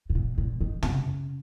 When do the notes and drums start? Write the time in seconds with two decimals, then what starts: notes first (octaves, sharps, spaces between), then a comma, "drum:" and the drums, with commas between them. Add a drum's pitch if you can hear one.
0.10 G#2
0.15 A#2
0.38 A#2
0.61 D#3
0.83 C#3, drum: tom